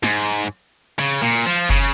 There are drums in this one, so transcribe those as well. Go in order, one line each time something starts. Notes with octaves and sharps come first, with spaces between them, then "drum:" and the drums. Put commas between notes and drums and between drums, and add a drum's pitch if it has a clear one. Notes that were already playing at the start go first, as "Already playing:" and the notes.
G#2, drum: snare
C#3
A#2
F3
C#3, drum: kick F#1